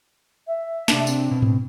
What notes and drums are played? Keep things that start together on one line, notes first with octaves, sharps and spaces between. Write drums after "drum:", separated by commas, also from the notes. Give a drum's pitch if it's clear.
E5
C3 D4 A5, drum: snare
C4, drum: tambourine
B2
drum: tom G#2